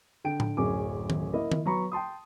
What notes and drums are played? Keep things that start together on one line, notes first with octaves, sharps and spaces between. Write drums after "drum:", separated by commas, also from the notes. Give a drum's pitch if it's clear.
D3 G5 D7
drum: tom A2
D1 F#2 C#4 G#4 D6
drum: tom D#3
A#3 E4 D#5
drum: tom D#3
F#3 B3 A#5 B5 C#6
G5 A5 C6 D#6